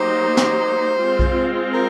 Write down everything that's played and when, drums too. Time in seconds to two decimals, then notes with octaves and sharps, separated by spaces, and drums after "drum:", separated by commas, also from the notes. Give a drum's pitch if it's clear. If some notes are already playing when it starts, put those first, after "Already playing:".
Already playing: F#3 A#3 D#4 G4 C5
0.37 drum: snare
0.97 G#3 C4 F4
1.19 drum: kick B1
1.73 A#4